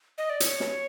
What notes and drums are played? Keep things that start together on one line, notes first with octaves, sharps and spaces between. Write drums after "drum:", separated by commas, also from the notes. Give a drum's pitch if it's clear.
D#5
D5
C#5, drum: hi-hat
drum: snare